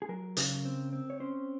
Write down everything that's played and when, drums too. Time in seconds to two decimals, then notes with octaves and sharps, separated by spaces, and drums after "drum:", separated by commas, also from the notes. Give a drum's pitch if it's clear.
0.02 G#4
0.09 F#3 A#4
0.37 C#3, drum: hi-hat
0.65 C4
0.93 C4
1.10 C#5
1.20 C#4 C5